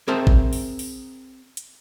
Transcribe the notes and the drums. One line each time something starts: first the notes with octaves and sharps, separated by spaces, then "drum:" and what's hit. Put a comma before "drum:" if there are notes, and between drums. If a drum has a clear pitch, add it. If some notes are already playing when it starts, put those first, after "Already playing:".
C4 G#4 A#4 C5 E5 A5
drum: kick G#1
drum: open hi-hat
drum: open hi-hat
drum: hi-hat